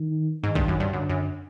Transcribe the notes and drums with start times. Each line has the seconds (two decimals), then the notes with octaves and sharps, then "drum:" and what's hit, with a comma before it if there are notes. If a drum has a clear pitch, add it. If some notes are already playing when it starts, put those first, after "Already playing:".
Already playing: D#3
0.44 G#2 D#3
0.55 G2, drum: kick
0.68 F#2
0.80 G2
0.93 F#2 D3
1.09 F#2